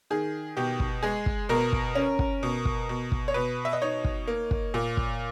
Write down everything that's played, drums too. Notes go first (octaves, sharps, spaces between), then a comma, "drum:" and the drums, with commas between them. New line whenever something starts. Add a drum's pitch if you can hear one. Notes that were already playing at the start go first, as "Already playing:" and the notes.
D#3 G#4
B2 G4
drum: kick
G#3 G#4
drum: kick
B2 A#4
drum: kick
C#4
drum: kick
B2
drum: kick
B2
drum: kick
C#5
B2 B4
E5
D#5
D#4 C#5
drum: kick
A#3
drum: kick
A#2
drum: kick